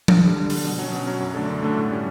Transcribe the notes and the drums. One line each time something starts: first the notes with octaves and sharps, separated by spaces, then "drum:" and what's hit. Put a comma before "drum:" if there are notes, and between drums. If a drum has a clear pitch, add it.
D3, drum: tom F3
G3 D4 A4
D3
G3 D4 A4, drum: open hi-hat
B2
F#3 C#4
B2
F#3 C#4
F#2
D3 A3 D4 A4
F#2
D3 A3 D4 A4
A2
G3 C#4